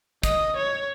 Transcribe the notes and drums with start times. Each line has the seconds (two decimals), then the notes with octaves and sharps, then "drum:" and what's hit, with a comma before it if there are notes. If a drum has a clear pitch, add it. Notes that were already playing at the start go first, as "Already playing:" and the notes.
0.23 D#5, drum: kick, hi-hat
0.56 C#5